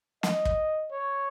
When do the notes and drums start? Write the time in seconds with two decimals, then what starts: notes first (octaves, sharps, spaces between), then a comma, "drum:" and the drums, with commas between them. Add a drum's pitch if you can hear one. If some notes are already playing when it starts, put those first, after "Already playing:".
0.23 D#5, drum: snare
0.45 drum: kick
0.91 C#5